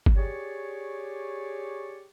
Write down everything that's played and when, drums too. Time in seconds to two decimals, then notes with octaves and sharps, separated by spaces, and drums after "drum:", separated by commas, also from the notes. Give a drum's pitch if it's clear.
0.06 drum: kick G1
0.17 G4 G#4 C#5 D5 C#6